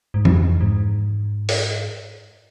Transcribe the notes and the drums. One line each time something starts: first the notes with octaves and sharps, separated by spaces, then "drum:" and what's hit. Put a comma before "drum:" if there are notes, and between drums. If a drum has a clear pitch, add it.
G#2
F2, drum: tom E3
G#2
drum: open hi-hat